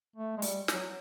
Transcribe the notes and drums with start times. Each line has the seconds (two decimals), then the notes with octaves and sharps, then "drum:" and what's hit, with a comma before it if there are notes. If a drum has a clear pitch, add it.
0.16 A3
0.38 G#3
0.42 G3, drum: hi-hat
0.68 F#3, drum: snare